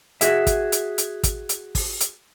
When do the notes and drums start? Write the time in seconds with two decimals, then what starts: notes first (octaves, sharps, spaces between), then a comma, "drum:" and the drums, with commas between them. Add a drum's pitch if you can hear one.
0.21 F#4 G#4 E5, drum: hi-hat
0.47 drum: kick, hi-hat
0.72 drum: hi-hat
0.98 drum: hi-hat
1.23 drum: kick, hi-hat
1.49 drum: hi-hat
1.75 drum: kick, open hi-hat
2.00 drum: hi-hat